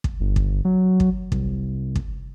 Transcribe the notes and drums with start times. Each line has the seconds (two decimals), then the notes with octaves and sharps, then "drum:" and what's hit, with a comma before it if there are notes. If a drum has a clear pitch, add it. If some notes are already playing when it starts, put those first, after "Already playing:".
0.04 drum: kick
0.20 G1
0.36 drum: kick
0.65 F#3
1.00 drum: kick
1.32 C2, drum: kick
1.96 drum: kick